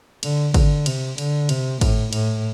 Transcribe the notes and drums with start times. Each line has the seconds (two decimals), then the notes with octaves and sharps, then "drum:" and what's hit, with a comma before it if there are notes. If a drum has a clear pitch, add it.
0.23 D3, drum: cymbal
0.54 D3, drum: kick, cymbal
0.86 C3, drum: cymbal
1.18 D3, drum: cymbal
1.49 C3, drum: cymbal
1.81 A2, drum: kick, cymbal
2.13 A2, drum: cymbal